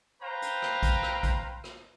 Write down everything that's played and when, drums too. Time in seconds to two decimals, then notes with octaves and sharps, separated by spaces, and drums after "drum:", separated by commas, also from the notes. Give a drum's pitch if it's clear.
0.22 B4 C5 F5 G5 A#5
0.42 drum: hi-hat
0.62 drum: rim click
0.83 drum: kick A#1, hi-hat
1.03 drum: rim click
1.23 drum: kick A#1, hi-hat
1.64 drum: rim click